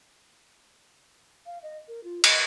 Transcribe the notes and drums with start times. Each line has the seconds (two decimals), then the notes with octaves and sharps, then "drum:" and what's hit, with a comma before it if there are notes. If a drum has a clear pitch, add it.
1.46 F5
1.63 D#5
1.88 A#4
2.04 F4
2.24 D#5, drum: cymbal